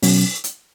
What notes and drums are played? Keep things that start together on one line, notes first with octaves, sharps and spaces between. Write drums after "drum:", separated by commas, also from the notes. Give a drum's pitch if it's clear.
B2 F#3 C#4 F#4, drum: open hi-hat
drum: hi-hat